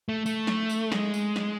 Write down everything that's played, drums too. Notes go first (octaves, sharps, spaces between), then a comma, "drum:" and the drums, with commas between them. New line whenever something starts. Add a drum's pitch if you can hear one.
A3
A3, drum: tambourine
drum: snare
drum: tambourine
G#3, drum: snare
drum: tambourine
drum: snare